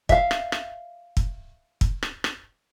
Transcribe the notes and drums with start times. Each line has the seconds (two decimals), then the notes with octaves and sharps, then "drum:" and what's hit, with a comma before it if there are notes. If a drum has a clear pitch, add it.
0.09 E5 F5, drum: kick
0.31 drum: rim click
0.52 drum: rim click
1.17 drum: kick
1.81 drum: kick
2.03 drum: rim click
2.24 drum: rim click